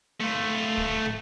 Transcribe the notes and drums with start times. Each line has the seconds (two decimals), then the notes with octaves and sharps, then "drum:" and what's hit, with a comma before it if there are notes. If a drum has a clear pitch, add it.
0.20 A3 F4
0.77 drum: kick
1.06 drum: tom